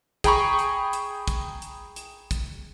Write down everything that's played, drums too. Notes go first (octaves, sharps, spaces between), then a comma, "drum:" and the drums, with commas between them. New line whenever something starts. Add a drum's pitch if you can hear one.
G#4 G5 A#5 B5 C#6, drum: kick, hi-hat
drum: hi-hat
drum: hi-hat
drum: kick, hi-hat
drum: hi-hat
drum: hi-hat
drum: kick, hi-hat